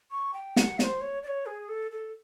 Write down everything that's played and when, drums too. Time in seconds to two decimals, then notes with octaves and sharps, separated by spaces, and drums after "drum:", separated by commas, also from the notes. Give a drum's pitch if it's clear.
0.11 C#6
0.34 G5
0.56 F#5, drum: snare
0.79 C#5, drum: snare
0.84 C5
1.01 C#5
1.23 D5
1.28 C#5
1.46 G#4
1.69 A4
1.91 A4